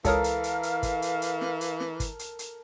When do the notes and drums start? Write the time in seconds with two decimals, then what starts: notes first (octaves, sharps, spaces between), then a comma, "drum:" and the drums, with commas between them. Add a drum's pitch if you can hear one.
0.05 C#2 E3 A4 A#4 C#5 F5 D#6, drum: kick, hi-hat
0.24 drum: hi-hat
0.44 drum: hi-hat
0.63 drum: hi-hat
0.83 drum: kick, hi-hat
1.02 drum: hi-hat
1.22 drum: hi-hat
1.41 drum: snare
1.61 drum: hi-hat
1.80 drum: snare
2.00 drum: kick, hi-hat
2.19 drum: hi-hat
2.39 drum: hi-hat